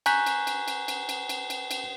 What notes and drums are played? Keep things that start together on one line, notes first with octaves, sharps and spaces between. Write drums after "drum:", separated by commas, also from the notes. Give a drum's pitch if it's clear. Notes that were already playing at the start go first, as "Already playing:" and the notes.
G#5 A#5 C#6 F#6 G6 B6, drum: cymbal
drum: cymbal
drum: cymbal
drum: cymbal
drum: cymbal
drum: cymbal
drum: cymbal
drum: cymbal
drum: cymbal